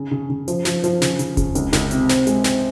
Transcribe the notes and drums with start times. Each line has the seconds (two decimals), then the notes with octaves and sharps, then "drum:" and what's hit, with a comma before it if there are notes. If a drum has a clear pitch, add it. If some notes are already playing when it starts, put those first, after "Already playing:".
Already playing: C#3
0.11 C#3
0.30 C#3
0.48 F3, drum: hi-hat
0.65 F3, drum: snare
0.84 F3, drum: hi-hat
1.02 C#3, drum: snare
1.19 C#3, drum: hi-hat
1.37 C#3, drum: kick E1, hi-hat
1.55 C#2, drum: hi-hat
1.73 C#2, drum: snare
1.91 C3, drum: hi-hat
2.09 C4, drum: snare
2.27 G#3, drum: hi-hat
2.44 C4, drum: snare